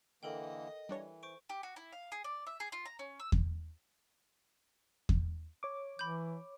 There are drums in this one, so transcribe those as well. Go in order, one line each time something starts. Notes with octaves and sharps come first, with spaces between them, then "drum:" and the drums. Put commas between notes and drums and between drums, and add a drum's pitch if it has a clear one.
D3 E3 A#3 A4 A#4 D#5 G5
E3 G3 D4 C#5
C5 C#6 D7
G4
F#4
E4
F5
G#4
D5
E5
G#4
F4
A#5
C#4
E6
drum: kick E2
drum: kick E2
C#5 D6
E3 B5 G6